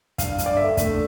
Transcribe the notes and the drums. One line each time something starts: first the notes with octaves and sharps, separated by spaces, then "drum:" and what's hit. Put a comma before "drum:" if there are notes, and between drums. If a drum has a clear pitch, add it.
G2 F5, drum: kick, hi-hat
G2, drum: hi-hat
D5
D3 E5
A3, drum: kick, hi-hat